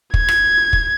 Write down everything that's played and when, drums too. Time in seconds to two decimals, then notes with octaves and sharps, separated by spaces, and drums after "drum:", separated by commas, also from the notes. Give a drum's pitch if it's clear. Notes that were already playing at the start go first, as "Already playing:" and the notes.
0.14 G#6, drum: kick
0.29 drum: rim click
0.73 drum: kick